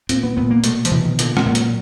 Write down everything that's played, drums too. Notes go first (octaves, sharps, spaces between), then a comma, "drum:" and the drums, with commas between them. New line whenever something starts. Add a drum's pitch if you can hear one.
A#2 C4, drum: hi-hat
B3
A#2 B3
A#3
B2 A3, drum: hi-hat
F3, drum: hi-hat
B2 E3
D#3
A#2 D3, drum: hi-hat
G#3, drum: rim click
A#2
F#3, drum: hi-hat